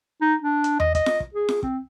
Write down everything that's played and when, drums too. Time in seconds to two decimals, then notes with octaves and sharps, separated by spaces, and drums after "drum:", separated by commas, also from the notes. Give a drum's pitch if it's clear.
0.21 D#4
0.42 D4
0.64 drum: hi-hat
0.80 D#5, drum: tom E2
0.95 D#5, drum: kick, hi-hat
1.06 drum: snare F4
1.20 drum: kick
1.34 G#4
1.49 drum: snare F4
1.63 C4, drum: kick